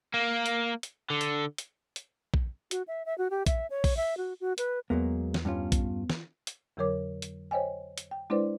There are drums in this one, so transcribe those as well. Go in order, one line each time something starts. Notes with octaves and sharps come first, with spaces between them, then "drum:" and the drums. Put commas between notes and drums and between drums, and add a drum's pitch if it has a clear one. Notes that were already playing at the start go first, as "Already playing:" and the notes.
A#3
drum: hi-hat
drum: hi-hat
D3
drum: hi-hat
drum: hi-hat
drum: hi-hat
drum: kick A#1
F#4, drum: hi-hat
E5
E5
F#4
G4
E5, drum: kick A#1, hi-hat
C#5
drum: kick A#1, open hi-hat
E5
F#4
F#4
B4, drum: hi-hat
E2 F#3 G#3 A#3 B3
drum: snare
G2 C#4 F4
drum: kick A#1, hi-hat
drum: snare
drum: hi-hat
F2 D3 F#3 A#4 C#5 D6
drum: hi-hat
C5 C#5 D#5 G5 G#5
drum: hi-hat
G5
G#3 D4 E4 B4 C5 D5